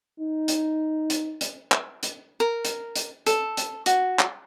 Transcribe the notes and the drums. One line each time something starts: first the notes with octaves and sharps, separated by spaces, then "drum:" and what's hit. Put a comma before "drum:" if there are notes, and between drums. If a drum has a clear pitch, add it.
D#4
drum: hi-hat
drum: hi-hat
drum: hi-hat
drum: clap
drum: hi-hat
A#4
drum: hi-hat
drum: hi-hat
A4, drum: hi-hat
drum: hi-hat
F#4, drum: hi-hat
drum: clap